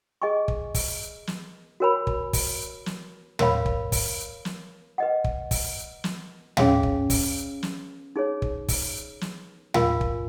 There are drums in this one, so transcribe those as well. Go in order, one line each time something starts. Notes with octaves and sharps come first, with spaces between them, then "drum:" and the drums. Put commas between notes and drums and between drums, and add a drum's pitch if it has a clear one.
G#4 D#5 G#5 C#6
drum: kick
drum: kick, open hi-hat
drum: snare
F#4 A#4 C#5 G#5 B5
drum: kick
drum: kick, open hi-hat
drum: snare
A#4 C#5 F5 B5, drum: tom
drum: kick
drum: kick, open hi-hat
drum: snare
B4 D#5 F#5
drum: kick
drum: kick, open hi-hat
drum: snare
C#4 G#4 C#5 F5 G#5, drum: tom
drum: kick
drum: kick, open hi-hat
drum: snare
D#4 G#4 C#5
drum: kick
drum: kick, open hi-hat
drum: snare
F4 A#4 F5 G#5, drum: tom
drum: kick